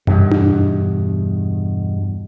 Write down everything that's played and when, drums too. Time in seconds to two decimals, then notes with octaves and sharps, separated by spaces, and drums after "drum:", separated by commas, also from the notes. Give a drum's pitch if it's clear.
0.07 E2 G2 B2, drum: tom F#2
0.31 drum: tom D4